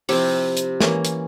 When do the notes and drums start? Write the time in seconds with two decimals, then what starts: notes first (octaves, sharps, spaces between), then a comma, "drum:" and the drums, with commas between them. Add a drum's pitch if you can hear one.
0.09 C3 F3 C4 E4 G4, drum: open hi-hat
0.57 drum: hi-hat
0.80 E3 A#3 C#4, drum: snare
1.05 drum: hi-hat